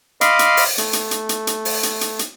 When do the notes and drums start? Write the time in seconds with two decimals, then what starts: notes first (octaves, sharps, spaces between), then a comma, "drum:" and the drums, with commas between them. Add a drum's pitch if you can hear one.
0.21 D#5 F5 B5 C6 D6, drum: hi-hat
0.39 drum: hi-hat
0.57 drum: open hi-hat
0.78 A3, drum: hi-hat
0.93 drum: hi-hat
1.11 drum: hi-hat
1.29 drum: hi-hat
1.47 drum: hi-hat
1.65 drum: open hi-hat
1.83 drum: hi-hat
2.01 drum: hi-hat
2.19 drum: hi-hat